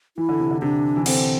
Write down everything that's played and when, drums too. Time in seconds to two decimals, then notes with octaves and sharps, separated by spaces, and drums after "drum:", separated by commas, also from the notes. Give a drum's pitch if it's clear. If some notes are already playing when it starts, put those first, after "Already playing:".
0.17 E3 E4
0.29 D3
0.40 C3
0.51 D3
0.62 C3 D4
0.97 E3
1.06 D3 C4, drum: cymbal